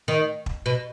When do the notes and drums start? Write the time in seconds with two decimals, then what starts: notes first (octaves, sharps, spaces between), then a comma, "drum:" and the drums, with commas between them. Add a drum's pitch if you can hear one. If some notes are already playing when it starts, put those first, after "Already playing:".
0.08 D#3
0.46 drum: kick
0.66 B2